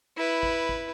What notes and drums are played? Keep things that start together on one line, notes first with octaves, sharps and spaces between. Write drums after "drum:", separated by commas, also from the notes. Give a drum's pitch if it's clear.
E4 B4
drum: kick G#1
drum: kick G#1